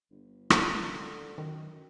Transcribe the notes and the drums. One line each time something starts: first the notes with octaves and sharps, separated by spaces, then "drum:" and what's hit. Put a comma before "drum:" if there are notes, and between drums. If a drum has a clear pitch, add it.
G1
D3, drum: rim click
F#2 D#3